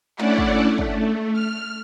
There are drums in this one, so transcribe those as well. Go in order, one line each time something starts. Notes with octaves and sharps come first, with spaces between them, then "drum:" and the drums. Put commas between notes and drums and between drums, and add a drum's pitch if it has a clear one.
A3 C#4 D4 E4 D5 F#5, drum: clap
drum: kick
A3
drum: kick
F6